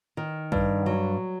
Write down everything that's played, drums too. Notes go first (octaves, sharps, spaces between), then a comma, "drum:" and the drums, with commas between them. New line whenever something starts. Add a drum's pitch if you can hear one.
D#3
G2, drum: kick
F#3